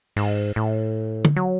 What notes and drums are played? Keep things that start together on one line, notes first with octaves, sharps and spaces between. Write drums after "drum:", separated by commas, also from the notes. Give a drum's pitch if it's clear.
G#2, drum: cymbal
A2
drum: tom
F#3